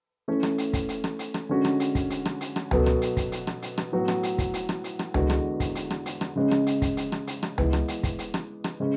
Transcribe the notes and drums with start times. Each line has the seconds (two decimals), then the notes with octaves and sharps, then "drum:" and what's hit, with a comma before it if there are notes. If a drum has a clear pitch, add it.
0.28 E3 A3 C#4
0.43 drum: rim click
0.58 drum: hi-hat
0.73 drum: kick, hi-hat
0.89 drum: hi-hat
1.04 drum: rim click
1.19 drum: hi-hat
1.34 drum: rim click
1.49 D3 G#3 C#4 F#4
1.65 drum: rim click
1.80 drum: hi-hat
1.95 drum: kick, hi-hat
2.10 drum: hi-hat
2.25 drum: rim click
2.41 drum: hi-hat
2.56 drum: rim click
2.71 B2 F#3 B3 F#4 A4, drum: tom C#2
2.86 drum: rim click
3.02 drum: hi-hat
3.17 drum: kick, hi-hat
3.32 drum: hi-hat
3.47 drum: rim click
3.62 drum: hi-hat
3.78 drum: rim click
3.92 A2 F#3 B3 F#4
4.08 drum: rim click
4.23 drum: hi-hat
4.38 drum: kick, hi-hat
4.54 drum: hi-hat
4.69 drum: rim click
4.84 drum: hi-hat
4.99 drum: rim click
5.14 E2 D3 G#3 B3 F#4, drum: tom C#2
5.30 drum: rim click
5.60 drum: kick, hi-hat
5.75 drum: hi-hat
5.90 drum: rim click
6.06 drum: hi-hat
6.21 drum: rim click
6.36 C#3 G#3 C#4
6.51 drum: rim click
6.67 drum: hi-hat
6.82 drum: kick, hi-hat
6.97 drum: hi-hat
7.12 drum: rim click
7.27 drum: hi-hat
7.43 drum: rim click
7.58 E3 G#3 B3, drum: tom C#2
7.73 drum: rim click
7.88 drum: hi-hat
8.03 drum: kick, hi-hat
8.19 drum: hi-hat
8.34 drum: rim click
8.64 drum: rim click
8.80 C#3 G#3 C#4